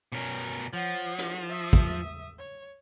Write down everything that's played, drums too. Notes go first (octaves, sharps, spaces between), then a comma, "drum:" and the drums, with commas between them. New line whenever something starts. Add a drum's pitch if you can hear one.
B2 C#4 A#4
F3 C#5 F#5
drum: hi-hat
E5 D#6
drum: kick
C#5